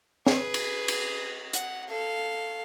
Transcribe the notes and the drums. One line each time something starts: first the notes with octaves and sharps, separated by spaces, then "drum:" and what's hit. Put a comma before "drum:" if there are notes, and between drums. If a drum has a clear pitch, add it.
G#4 B4, drum: snare
drum: cymbal
drum: cymbal
F#5, drum: hi-hat
A4 F5